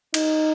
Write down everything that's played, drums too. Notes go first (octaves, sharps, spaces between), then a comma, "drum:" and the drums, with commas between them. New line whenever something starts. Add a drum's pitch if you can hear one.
D#4, drum: cymbal